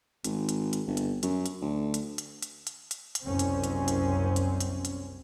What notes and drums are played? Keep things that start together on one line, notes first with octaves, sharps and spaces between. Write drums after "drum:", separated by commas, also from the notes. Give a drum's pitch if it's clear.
G#1, drum: hi-hat
drum: hi-hat
drum: hi-hat
G1
drum: hi-hat
F#2, drum: hi-hat
drum: hi-hat
D2
drum: hi-hat
drum: hi-hat
drum: hi-hat
drum: hi-hat
drum: hi-hat
drum: hi-hat
F#1 C2 F#2 C4 C#4
drum: hi-hat
drum: hi-hat
drum: hi-hat
drum: hi-hat
drum: hi-hat
drum: hi-hat